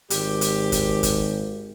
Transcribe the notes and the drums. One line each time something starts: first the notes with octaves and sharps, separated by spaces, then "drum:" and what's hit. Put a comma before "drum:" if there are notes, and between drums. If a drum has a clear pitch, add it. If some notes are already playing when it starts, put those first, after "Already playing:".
G#1 G4, drum: hi-hat
drum: hi-hat
drum: kick, hi-hat
drum: kick, hi-hat